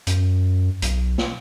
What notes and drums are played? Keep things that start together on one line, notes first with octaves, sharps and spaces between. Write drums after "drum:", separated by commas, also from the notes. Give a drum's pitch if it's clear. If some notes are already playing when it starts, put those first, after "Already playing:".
F#2, drum: hi-hat
B1, drum: hi-hat
drum: snare